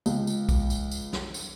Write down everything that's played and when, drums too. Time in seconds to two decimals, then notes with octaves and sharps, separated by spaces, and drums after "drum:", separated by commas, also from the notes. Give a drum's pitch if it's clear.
0.06 C#2, drum: tambourine
0.27 drum: tambourine
0.49 drum: kick B1, tambourine
0.70 drum: tambourine
0.91 drum: tambourine
1.13 drum: snare
1.34 drum: tambourine